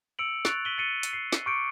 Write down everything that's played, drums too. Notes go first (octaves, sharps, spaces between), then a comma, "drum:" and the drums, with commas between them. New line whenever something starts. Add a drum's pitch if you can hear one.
E6 C#7 D7 F7 F#7
C#6 F#6 A6 D7 F7, drum: snare
B6 D#7 F#7 G7
A6 C7 C#7 D#7 G7
drum: hi-hat
C7 C#7
drum: snare
C#6 D6 F6 G6 C#7 D7